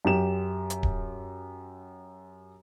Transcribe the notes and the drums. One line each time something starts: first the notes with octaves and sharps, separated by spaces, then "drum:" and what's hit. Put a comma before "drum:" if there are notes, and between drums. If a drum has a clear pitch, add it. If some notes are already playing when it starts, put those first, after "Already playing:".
F#2 G4 E7
drum: hi-hat
drum: kick D1